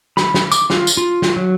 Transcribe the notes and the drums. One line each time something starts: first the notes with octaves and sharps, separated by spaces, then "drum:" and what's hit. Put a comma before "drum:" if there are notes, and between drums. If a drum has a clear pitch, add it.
B5, drum: snare
drum: snare
D6, drum: tambourine
F4, drum: snare
drum: tambourine
F4
drum: snare
F#3